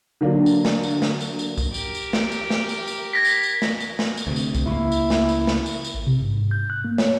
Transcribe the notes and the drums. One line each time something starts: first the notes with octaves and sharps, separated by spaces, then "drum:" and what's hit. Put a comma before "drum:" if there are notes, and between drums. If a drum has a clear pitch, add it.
D3 F#3 A#3 D4
drum: tambourine
drum: snare
drum: tambourine
drum: snare
drum: tambourine
drum: tambourine
drum: kick, tambourine
G4 A#4, drum: tambourine
drum: tambourine
drum: snare
drum: tambourine
drum: snare
drum: tambourine
drum: tambourine
G#6 A#6 B6
drum: tambourine
drum: tambourine
drum: snare
drum: tambourine
drum: snare
drum: tambourine
D2 C3
drum: tambourine
drum: kick, tambourine
C#2 A#3 E4
drum: tambourine
drum: snare
drum: tambourine
drum: snare
drum: tambourine
drum: tambourine
A1
C3
G#2
G#2
G6
F#6
A#3
C#5, drum: snare